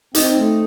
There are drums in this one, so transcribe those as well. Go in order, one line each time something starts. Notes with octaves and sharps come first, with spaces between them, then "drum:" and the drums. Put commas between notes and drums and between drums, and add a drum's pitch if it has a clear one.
C4 D#4, drum: hi-hat
A3